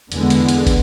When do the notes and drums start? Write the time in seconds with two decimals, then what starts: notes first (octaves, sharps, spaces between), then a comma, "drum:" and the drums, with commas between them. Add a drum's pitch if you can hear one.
0.12 E2 D3 G#3 B3, drum: hi-hat
0.30 drum: hi-hat
0.49 drum: hi-hat
0.67 drum: kick, hi-hat